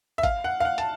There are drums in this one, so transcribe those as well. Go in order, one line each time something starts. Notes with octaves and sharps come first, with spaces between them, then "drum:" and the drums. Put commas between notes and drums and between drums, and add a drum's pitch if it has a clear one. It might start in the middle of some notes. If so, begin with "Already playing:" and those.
E5
F5, drum: kick, hi-hat
F#5
F5
F#5
A5, drum: hi-hat